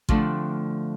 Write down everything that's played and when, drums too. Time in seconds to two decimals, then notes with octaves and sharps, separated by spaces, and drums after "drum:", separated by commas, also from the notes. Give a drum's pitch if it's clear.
0.09 D3 F3 A3 C4 D4 F4, drum: kick